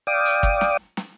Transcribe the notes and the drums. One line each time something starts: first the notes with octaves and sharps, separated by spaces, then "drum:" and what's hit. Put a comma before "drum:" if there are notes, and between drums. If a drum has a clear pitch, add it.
D5 F5 G5 D6 D#6
drum: hi-hat
drum: kick
drum: snare
drum: snare